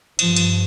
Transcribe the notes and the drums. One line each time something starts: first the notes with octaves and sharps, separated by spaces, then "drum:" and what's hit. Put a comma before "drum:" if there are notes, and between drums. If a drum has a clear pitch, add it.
G2 F3, drum: cymbal
drum: cymbal